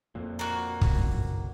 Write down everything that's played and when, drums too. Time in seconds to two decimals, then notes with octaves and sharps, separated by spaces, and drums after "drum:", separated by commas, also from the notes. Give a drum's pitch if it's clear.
0.15 F2 A#2
0.39 A#3 F#4
0.81 drum: kick
0.95 F#1 B1